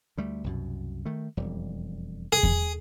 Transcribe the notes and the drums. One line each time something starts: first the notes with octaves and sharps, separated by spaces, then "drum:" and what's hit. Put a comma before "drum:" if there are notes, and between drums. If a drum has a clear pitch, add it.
D2 G3 A3
C2 F#2 B2
D#3 A3
E1 F2 G3
G#4
drum: kick E2